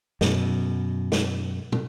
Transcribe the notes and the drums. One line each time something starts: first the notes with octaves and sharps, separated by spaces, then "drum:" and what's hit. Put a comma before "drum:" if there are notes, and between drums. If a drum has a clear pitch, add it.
F#2 B2, drum: snare
drum: snare
drum: tom